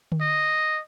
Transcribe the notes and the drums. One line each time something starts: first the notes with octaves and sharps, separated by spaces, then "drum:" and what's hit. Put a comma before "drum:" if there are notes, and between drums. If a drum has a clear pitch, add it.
drum: tom D3
D#5